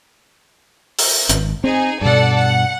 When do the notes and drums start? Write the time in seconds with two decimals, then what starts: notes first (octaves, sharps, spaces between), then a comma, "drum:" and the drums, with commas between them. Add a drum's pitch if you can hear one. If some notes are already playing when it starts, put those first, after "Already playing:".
0.99 drum: open hi-hat
1.29 G#1, drum: hi-hat
1.64 C4 D#4 G#4 G#5
2.01 G2 B2 A4 D5 F#5
2.36 F#5